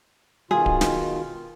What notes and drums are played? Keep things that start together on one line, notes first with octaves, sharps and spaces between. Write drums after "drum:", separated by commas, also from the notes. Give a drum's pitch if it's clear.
B2 D#3 F4 G#4
drum: kick D1
drum: snare